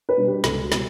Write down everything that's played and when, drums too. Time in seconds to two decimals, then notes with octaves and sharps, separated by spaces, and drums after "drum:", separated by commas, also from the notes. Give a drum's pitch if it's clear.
0.09 B4
0.17 B2 G3 D4
0.27 G4
0.44 C#2 A4, drum: snare
0.62 F#4
0.72 B2 G3, drum: snare